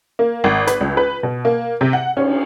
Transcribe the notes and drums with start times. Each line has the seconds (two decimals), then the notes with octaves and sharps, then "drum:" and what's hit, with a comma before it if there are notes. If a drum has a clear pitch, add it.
0.19 A#3
0.44 G#1
0.67 B4, drum: hi-hat
0.81 C#2
0.97 B4
1.23 B2
1.45 A#3
1.81 C3
1.93 F#5
2.17 C#4, drum: cymbal